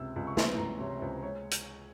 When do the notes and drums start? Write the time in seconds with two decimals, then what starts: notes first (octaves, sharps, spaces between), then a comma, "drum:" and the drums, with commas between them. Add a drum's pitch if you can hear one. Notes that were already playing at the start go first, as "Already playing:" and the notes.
Already playing: C#2 C3 E6
0.16 C#2
0.27 C#6
0.37 E3 C6, drum: snare
0.58 C#2 A#5
0.80 C3 C#5
1.01 C#2 C5
1.23 G#3 C#5
1.51 drum: hi-hat